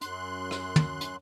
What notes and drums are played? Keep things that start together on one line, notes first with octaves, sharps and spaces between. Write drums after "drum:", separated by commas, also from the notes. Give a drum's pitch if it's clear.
F#2 C6 F#6, drum: hi-hat
drum: rim click
drum: tom
drum: hi-hat